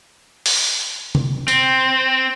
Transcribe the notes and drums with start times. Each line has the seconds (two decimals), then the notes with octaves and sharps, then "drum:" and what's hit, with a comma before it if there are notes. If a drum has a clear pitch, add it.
0.46 drum: open hi-hat
1.15 drum: tom C3
1.48 C4, drum: tambourine